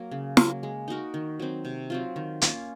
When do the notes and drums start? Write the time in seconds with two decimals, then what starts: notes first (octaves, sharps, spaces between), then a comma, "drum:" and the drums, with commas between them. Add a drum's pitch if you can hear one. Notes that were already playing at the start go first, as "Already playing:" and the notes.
Already playing: F#3 A#3
0.11 C#3
0.37 F#3 A#3, drum: snare
0.63 G#3
0.88 D#4 F#4 A#4
1.14 D#3
1.40 F#3 C4
1.65 C3
1.90 F#3 C4 F4
2.16 D#3
2.42 A#3 C#4 F4, drum: hi-hat